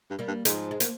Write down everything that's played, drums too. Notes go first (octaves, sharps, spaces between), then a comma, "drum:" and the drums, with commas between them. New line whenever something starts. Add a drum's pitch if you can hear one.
G2
G3 A#3
G2
G#2 F3 G#3, drum: hi-hat
G#3
A#3, drum: hi-hat